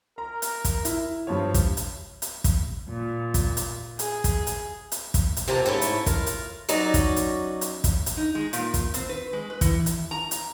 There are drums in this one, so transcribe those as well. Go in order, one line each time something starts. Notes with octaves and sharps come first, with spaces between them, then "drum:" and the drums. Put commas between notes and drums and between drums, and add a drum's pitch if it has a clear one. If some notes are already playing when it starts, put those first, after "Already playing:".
A#4 A#5
drum: hi-hat
drum: kick, hi-hat
E4, drum: hi-hat
G2 F3 C#5
drum: kick, hi-hat
drum: hi-hat
drum: hi-hat
drum: kick, hi-hat
A#2
drum: kick, hi-hat
drum: hi-hat
G#4, drum: hi-hat
drum: kick, hi-hat
drum: hi-hat
drum: hi-hat
drum: kick, hi-hat
drum: hi-hat
C3 A#3 C4 F4 A5 A#5
G#2 A3 C#4 E4
drum: hi-hat
F4 A#4, drum: kick, hi-hat
drum: hi-hat
F#3 C#4 D#4 F#4 D5, drum: hi-hat
drum: kick, hi-hat
drum: hi-hat
drum: hi-hat
drum: kick, hi-hat
drum: hi-hat
D#4
G#3
A#2, drum: hi-hat
drum: kick, hi-hat
C4, drum: hi-hat
B4
G#3
B4
E3, drum: kick, hi-hat
drum: hi-hat
A#5
drum: hi-hat